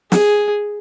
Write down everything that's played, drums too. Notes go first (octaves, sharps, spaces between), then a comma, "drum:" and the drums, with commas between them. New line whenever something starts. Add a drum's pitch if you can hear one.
G#4, drum: snare